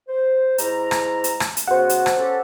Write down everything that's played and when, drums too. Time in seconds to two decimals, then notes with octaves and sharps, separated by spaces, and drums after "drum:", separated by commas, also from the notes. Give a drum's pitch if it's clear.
0.08 C5
0.58 G#2 E4 A#5, drum: hi-hat
0.91 drum: rim click
1.24 drum: hi-hat
1.40 drum: rim click
1.57 drum: hi-hat
1.68 C#3 B3 F#4 C5 F#5
1.89 drum: hi-hat
2.06 drum: rim click
2.17 C#4 G4 A4